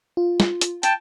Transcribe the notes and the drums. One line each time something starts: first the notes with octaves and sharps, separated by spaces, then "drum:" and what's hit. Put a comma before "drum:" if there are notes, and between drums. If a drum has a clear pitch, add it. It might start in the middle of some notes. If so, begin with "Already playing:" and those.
F4
drum: snare
drum: hi-hat
G5 A5, drum: hi-hat